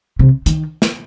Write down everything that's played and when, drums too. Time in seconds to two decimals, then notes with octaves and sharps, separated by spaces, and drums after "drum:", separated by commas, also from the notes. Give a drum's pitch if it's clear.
0.19 C3
0.46 D#3, drum: hi-hat
0.82 drum: snare